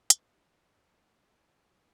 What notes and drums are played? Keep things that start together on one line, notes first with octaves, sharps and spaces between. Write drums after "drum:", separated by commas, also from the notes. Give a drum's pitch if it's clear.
D3 F3 F#3 G#3, drum: hi-hat